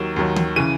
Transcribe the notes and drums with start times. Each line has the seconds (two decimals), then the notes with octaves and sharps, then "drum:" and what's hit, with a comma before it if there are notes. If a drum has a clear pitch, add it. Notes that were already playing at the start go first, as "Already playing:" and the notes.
Already playing: D#2 D#3 F#3 E7
0.16 D#2 D#3 F#3
0.36 drum: tom D#3
0.56 C#3 E3 D#7